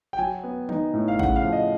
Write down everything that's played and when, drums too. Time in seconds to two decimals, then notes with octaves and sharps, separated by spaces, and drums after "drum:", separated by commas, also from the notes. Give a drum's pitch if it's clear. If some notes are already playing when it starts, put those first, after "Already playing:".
0.13 G5
0.19 F#3 G#5
0.44 B3
0.69 D#4, drum: tom D#3
0.93 A2
1.08 F5
1.19 C#3 F#5, drum: kick
1.36 F5
1.44 F3
1.53 D#5